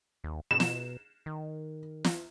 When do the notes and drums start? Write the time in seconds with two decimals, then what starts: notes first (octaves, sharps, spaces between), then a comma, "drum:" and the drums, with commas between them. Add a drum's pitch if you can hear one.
0.24 D#2
0.51 B2 E7
0.60 drum: snare
1.26 D#3
2.04 drum: snare